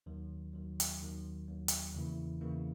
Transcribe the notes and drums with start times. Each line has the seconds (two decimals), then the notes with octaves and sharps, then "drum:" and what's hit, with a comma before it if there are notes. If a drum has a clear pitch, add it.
0.06 D#2 D#3 F#3
0.53 D#2 D#3 F#3
0.80 drum: hi-hat
1.00 D#2 D#3 F#3
1.47 D#2 D#3 F#3
1.68 drum: hi-hat
1.94 E2 C#3 E3 A#3 E4
2.41 E2 C#3 E3 A#3 E4